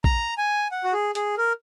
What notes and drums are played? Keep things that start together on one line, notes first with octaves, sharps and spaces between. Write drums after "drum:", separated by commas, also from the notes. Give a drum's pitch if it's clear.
A#5, drum: kick
G#5
F#5
F#4
G#4
G#4, drum: hi-hat
A#4